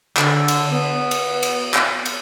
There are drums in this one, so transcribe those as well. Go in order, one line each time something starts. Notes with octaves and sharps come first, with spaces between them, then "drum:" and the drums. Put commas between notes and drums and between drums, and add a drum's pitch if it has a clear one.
D3, drum: clap
drum: cymbal
B3
drum: cymbal
drum: cymbal
drum: clap
drum: cymbal